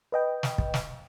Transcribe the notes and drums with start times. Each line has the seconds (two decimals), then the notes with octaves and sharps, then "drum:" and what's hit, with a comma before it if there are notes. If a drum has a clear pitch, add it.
0.12 B4 D#5 G5
0.43 drum: snare
0.58 drum: kick
0.74 drum: snare